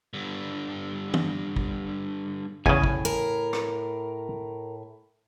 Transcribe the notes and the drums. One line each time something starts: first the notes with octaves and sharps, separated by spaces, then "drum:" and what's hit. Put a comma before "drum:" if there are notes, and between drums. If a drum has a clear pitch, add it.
G2 D3
drum: tom
drum: kick
E2 A2 C#3 G#5, drum: kick
drum: kick
A#4
drum: rim click